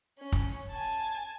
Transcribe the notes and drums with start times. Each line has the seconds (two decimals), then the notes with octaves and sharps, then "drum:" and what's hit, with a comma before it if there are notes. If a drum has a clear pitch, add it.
0.19 C#4
0.32 drum: kick
0.70 G#5 A5